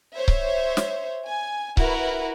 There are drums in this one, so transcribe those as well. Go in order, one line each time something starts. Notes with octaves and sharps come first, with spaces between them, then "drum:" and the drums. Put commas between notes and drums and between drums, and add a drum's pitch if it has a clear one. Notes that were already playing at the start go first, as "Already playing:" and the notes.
C5 C#5 E5
drum: kick C#1
drum: snare
G#5
E4 F#4 A#4 B4, drum: kick C#1